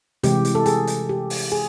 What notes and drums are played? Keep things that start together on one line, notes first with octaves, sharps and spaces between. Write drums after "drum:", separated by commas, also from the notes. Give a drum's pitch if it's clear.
C3 E3 G#3 G4, drum: hi-hat
drum: hi-hat
A4
G#4, drum: hi-hat
drum: hi-hat
G4
drum: open hi-hat
G#4